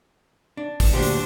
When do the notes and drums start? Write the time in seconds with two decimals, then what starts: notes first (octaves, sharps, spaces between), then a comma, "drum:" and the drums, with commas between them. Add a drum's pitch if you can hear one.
0.57 D4
0.80 drum: kick, open hi-hat
0.93 D2 A#2 F#3 D4 G4 C5
1.03 drum: open hi-hat